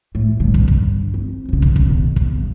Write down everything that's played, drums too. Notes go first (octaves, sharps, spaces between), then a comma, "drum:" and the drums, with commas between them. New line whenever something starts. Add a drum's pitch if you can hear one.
A2
G2 D3
drum: kick
drum: kick
C4
G1 C#3
drum: kick
drum: kick
D#2 B2
drum: kick
G2